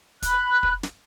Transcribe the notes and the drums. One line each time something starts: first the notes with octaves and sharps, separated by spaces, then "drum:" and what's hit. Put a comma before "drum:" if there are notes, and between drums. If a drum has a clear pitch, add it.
B5 F#6, drum: kick, hi-hat
drum: kick
drum: snare